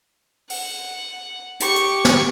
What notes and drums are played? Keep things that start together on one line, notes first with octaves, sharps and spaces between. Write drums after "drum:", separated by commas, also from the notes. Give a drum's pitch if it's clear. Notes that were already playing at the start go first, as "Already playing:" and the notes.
F#5, drum: open hi-hat
G4 C#6, drum: hi-hat
drum: hi-hat
drum: snare